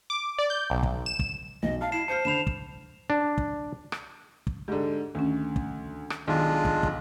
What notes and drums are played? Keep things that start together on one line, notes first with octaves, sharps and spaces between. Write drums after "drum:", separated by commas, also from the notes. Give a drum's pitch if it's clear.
D6
D5
G6
B1
drum: kick
E7
drum: kick
B1 D#5
F5 A5 F6
E4 C7 E7
C5 A5 F6 G6 C7 C#7
D3 B5 C7 E7 F7
drum: kick
D4
drum: kick
drum: rim click
drum: kick
G#2 D3 G4
D2 D#3 C#4
drum: kick
drum: rim click
B1 D#3 G#3 D4 F4
drum: kick
drum: kick